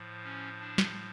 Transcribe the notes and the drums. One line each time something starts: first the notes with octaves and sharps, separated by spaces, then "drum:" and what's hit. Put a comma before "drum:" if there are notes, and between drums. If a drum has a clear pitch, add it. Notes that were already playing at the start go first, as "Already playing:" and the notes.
Already playing: A2 F3
C#4
D4
drum: snare